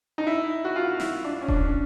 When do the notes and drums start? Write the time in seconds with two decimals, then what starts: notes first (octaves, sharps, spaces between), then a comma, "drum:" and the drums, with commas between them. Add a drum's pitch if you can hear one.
0.18 D#4
0.27 E4
0.65 F#4
0.76 F4
1.00 E4, drum: snare
1.24 D4
1.42 C#4
1.48 D4, drum: kick D#1